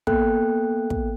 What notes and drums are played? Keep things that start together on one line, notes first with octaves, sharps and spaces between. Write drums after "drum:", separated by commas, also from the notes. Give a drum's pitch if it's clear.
A#3 B3 A4 G5 F#6, drum: kick
drum: kick